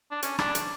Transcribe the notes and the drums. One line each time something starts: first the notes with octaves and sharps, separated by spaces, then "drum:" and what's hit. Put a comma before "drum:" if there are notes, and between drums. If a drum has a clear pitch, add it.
D4
C#4, drum: hi-hat
D4, drum: rim click
drum: hi-hat